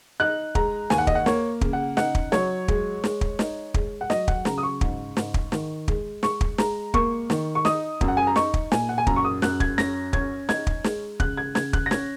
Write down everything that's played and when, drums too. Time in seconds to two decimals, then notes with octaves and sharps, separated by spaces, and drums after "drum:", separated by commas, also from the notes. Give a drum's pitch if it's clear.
0.20 D#4 F#6
0.55 G#3 A#5, drum: kick
0.90 D#2 G#5, drum: snare
0.98 F#5
1.07 D#5, drum: kick
1.15 F#5
1.26 A#3 C#5, drum: snare
1.61 C#3, drum: kick
1.73 F#5
1.97 D#4 F#5, drum: snare
2.15 drum: kick
2.32 F#3 C#5, drum: snare
2.68 G#3, drum: kick
3.04 G#3, drum: snare
3.21 drum: kick
3.39 D#4, drum: snare
3.74 G#3, drum: kick
4.01 F#5
4.10 F#3 D#5, drum: snare
4.28 F#5, drum: kick
4.45 C#3 A#5, drum: snare
4.58 D#6
4.63 C#6
4.81 G#2, drum: kick
5.17 G#2, drum: snare
5.34 drum: kick
5.52 D#3, drum: snare
5.88 G#3, drum: kick
6.23 G#3 C#6, drum: snare
6.41 drum: kick
6.58 G#3 A#5, drum: snare
6.94 A#3 C#6, drum: kick
7.30 D#3, drum: snare
7.55 C#6
7.65 D#4 D#6, drum: snare
8.01 F#2, drum: kick
8.08 F#5
8.17 G#5
8.27 A#5
8.36 D#4 C#6, drum: snare
8.54 drum: kick
8.72 A#2 G#5, drum: snare
8.89 F#5
8.98 G#5
9.07 F#2 A#5, drum: kick
9.16 C#6
9.24 D#6
9.42 F#2 F#6, drum: snare
9.60 G#6, drum: kick
9.78 C#4 A#6, drum: snare
10.13 C#4 G#6, drum: kick
10.49 D#4 G#6, drum: snare
10.67 drum: kick
10.84 G#3, drum: snare
11.20 C#3 F#6, drum: kick
11.37 G#6
11.55 C#3 G#6, drum: snare
11.73 F#6, drum: kick
11.86 A#6
11.91 C#4 G#6, drum: snare